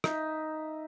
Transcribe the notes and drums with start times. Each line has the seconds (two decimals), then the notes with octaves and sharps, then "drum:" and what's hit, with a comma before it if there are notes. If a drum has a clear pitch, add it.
0.04 D#4 E5, drum: rim click